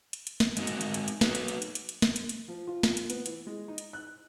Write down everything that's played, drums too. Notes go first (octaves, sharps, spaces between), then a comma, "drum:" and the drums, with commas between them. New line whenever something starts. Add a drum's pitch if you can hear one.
drum: hi-hat
drum: hi-hat
drum: snare
G#3 C4 D#4 F#4 A#4, drum: hi-hat
drum: hi-hat
drum: hi-hat
drum: hi-hat
drum: hi-hat
D#4 F#4 B4, drum: snare
drum: hi-hat
drum: hi-hat
drum: hi-hat
drum: hi-hat
drum: hi-hat
drum: snare
drum: hi-hat
drum: hi-hat
F3
F4
drum: snare
drum: hi-hat
B3, drum: hi-hat
E3, drum: hi-hat
G#3
D#4
drum: hi-hat
F#6